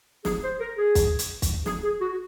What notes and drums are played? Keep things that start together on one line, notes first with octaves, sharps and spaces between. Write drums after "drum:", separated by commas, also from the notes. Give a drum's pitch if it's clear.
G#4, drum: snare
C5
A#4
G#4
drum: kick, hi-hat
drum: hi-hat
drum: kick, hi-hat
G#4, drum: snare
G#4
F#4